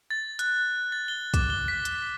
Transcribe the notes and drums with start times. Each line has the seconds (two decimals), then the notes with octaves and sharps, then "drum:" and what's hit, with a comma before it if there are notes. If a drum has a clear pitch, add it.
0.10 A6
0.39 F#6, drum: hi-hat
0.92 A6
1.08 G7
1.34 D6, drum: kick, hi-hat
1.50 G7
1.68 B6
1.85 drum: hi-hat